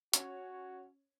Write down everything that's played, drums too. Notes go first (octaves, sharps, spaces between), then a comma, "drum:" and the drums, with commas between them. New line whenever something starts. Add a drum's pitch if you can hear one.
C#4 F#4 C#5, drum: hi-hat